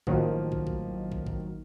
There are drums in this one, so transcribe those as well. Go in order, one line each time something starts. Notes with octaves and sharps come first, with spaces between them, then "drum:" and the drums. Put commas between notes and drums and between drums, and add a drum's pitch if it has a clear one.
A1 D#3 F3 F#3 A#3, drum: kick
drum: kick
drum: kick
drum: kick
drum: kick